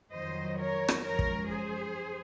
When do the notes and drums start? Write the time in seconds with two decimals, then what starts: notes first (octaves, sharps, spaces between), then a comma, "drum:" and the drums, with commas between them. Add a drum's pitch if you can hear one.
0.12 F2 D#3 F#3 C5 D#5
0.58 A#4 C#5
0.88 drum: rim click
1.03 F#2 F3 G#3 A#4 C#5
1.19 drum: kick
1.49 G#4 C5